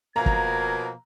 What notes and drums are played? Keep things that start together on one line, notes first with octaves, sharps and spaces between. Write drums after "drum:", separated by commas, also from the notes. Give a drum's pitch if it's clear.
B2 F3 A#3 A#5 G#6
drum: kick